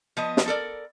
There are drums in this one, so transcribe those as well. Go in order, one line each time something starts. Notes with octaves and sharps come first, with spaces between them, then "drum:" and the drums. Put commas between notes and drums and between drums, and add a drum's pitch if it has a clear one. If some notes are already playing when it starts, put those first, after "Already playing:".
F3 B3 D#5
drum: snare
A4 A#4 D5